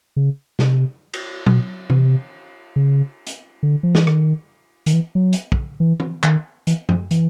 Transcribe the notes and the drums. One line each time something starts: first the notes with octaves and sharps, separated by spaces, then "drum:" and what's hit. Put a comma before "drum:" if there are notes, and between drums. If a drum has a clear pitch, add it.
C#3
C3, drum: snare
drum: cymbal
B2, drum: tom
C3, drum: tom E3
C#3
drum: hi-hat
D3
F3
E3, drum: snare
D#3, drum: rim click
D#3, drum: hi-hat
E3
F#3
drum: hi-hat
drum: kick
E3
drum: tom E3
D#3, drum: clap
E3, drum: hi-hat
F3, drum: tom F#2
E3, drum: hi-hat